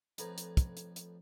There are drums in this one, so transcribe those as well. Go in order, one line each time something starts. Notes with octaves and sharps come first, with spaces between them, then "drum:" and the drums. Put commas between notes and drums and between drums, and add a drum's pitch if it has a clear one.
F2 A2 B4 A#5, drum: hi-hat
drum: hi-hat
drum: kick, hi-hat
drum: hi-hat
drum: hi-hat